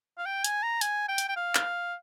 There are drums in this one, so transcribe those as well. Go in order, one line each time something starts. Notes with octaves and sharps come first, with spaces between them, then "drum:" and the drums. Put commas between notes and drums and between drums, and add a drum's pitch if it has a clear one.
F5
G5
G#5, drum: hi-hat
A#5
G#5, drum: hi-hat
G5
drum: hi-hat
G5
F5
drum: clap